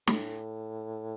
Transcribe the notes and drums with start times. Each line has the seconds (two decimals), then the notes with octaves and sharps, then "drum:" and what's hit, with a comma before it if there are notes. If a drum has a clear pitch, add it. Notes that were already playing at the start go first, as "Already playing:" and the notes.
0.07 A2, drum: snare